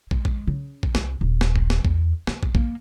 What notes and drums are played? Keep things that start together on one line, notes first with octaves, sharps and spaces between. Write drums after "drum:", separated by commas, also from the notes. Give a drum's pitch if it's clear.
G#3, drum: kick
drum: kick
C#3
drum: kick
C2, drum: snare
D#1
drum: snare
drum: kick
drum: snare
E2, drum: kick
A#3, drum: snare
drum: kick
A#3, drum: kick